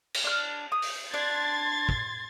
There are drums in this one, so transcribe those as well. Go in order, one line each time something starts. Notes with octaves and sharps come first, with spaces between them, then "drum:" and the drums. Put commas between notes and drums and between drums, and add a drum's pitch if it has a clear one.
drum: cymbal
D4 F6
D#6
drum: open hi-hat
D4 C6 G#6 A6
drum: kick